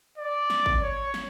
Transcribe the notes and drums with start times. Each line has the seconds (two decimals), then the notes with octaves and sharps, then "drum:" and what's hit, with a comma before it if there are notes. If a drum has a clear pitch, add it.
0.18 D5
0.50 drum: snare
0.66 drum: kick G#1
0.82 C#5
1.14 drum: snare